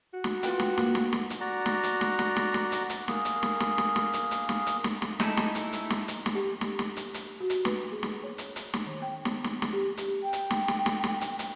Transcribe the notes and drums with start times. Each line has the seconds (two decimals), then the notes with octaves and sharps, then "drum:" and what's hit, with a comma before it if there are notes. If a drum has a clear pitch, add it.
0.13 F#4
0.24 drum: snare
0.43 F4 B4 G5, drum: hi-hat
0.60 drum: snare
0.78 A#3, drum: snare
0.95 drum: snare
1.13 drum: snare
1.30 drum: hi-hat
1.40 F#4 D5 A#5
1.66 drum: snare
1.83 drum: hi-hat
2.01 drum: snare
2.19 drum: snare
2.36 drum: snare
2.54 drum: snare
2.72 drum: hi-hat
2.90 drum: hi-hat
3.08 A#3 G#4, drum: snare
3.25 drum: hi-hat
3.43 drum: snare
3.60 drum: snare
3.78 drum: snare
3.96 drum: snare
4.13 drum: hi-hat
4.31 drum: hi-hat
4.49 drum: snare
4.67 drum: hi-hat
4.84 drum: snare
5.02 drum: snare
5.20 G#3 A3 D#4 E4 A4, drum: snare
5.37 drum: snare
5.55 drum: hi-hat
5.73 drum: hi-hat
5.90 drum: snare
6.08 drum: hi-hat
6.26 drum: snare
6.35 G4
6.61 drum: snare
6.79 drum: snare
6.97 drum: hi-hat
7.14 drum: hi-hat
7.40 F#4
7.50 drum: hi-hat
7.65 B4, drum: snare
7.92 G#4
8.03 drum: snare
8.24 C#5
8.38 drum: hi-hat
8.56 drum: hi-hat
8.74 drum: snare
8.86 D#3
9.02 G5
9.25 B3, drum: snare
9.44 drum: snare
9.62 drum: snare
9.73 G4
9.97 drum: hi-hat
10.22 G5
10.33 drum: hi-hat
10.51 drum: snare
10.68 drum: snare
10.86 drum: snare
11.04 drum: snare
11.21 drum: hi-hat
11.39 drum: hi-hat